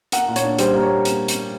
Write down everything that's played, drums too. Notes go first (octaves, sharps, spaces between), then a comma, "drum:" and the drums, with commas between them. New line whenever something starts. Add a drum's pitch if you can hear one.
A#3 F#5, drum: hi-hat
A#2
C#5, drum: hi-hat
D4
G3 C5, drum: hi-hat
A#3
C#5
drum: hi-hat
drum: hi-hat